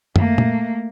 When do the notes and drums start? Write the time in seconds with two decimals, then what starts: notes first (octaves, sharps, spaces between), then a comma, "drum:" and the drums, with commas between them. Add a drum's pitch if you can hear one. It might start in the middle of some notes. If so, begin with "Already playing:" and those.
0.16 A3 A#3, drum: tom
0.38 drum: tom A#2